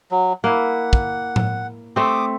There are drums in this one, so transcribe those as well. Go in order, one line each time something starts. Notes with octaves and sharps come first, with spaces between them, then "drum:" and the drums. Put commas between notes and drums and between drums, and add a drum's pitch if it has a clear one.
F#3
A#3 E4 F#5
drum: kick
drum: tom A2
A3 C4 D6 D#6